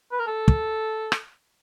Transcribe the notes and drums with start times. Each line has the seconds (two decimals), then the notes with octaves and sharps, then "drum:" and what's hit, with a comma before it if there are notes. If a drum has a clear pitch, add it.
0.11 B4
0.19 A#4
0.27 A4
0.48 drum: kick
1.12 drum: rim click